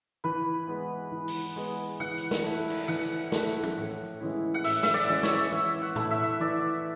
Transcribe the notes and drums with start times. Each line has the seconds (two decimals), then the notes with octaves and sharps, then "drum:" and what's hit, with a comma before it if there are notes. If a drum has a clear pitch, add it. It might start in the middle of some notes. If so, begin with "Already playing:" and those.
0.24 E3 B4
0.68 G#3 B3
1.12 E3
1.28 drum: open hi-hat
1.56 G#3 B3
2.00 E3 F#5
2.18 drum: hi-hat
2.31 drum: snare
2.44 A3 E4
2.70 drum: cymbal
2.88 E3 F#5
3.32 A3 E4, drum: snare
3.63 drum: tom F3
3.76 A2
4.20 E3 G#3 C#4 E4
4.54 F#5
4.64 A2 E5, drum: open hi-hat
4.83 E5, drum: snare
4.94 D5
5.09 E3 G#3 C#4 E4
5.23 C#5, drum: snare
5.52 E3 E5
5.82 F#5
5.96 A3 E4, drum: tom A2
6.11 E5
6.40 E3 D5